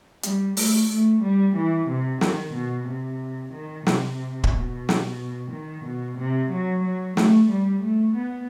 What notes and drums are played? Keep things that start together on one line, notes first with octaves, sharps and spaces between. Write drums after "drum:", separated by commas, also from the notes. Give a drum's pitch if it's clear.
G3, drum: hi-hat
A3, drum: open hi-hat
A3
G3
E3
C3
D#3, drum: snare
B2
C3
D#3
C3, drum: snare
drum: kick
B2
drum: snare
D#3
B2
C3
F#3
F#3
A3, drum: snare
G3
A3
B3